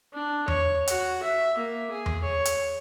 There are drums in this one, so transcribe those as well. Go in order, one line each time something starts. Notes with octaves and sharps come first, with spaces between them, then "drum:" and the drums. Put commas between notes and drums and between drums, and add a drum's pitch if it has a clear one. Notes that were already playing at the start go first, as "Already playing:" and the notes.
D4
C#5, drum: tom E2
F#4, drum: hi-hat
E5
A#3
G#4
drum: tom E2
C#5
drum: hi-hat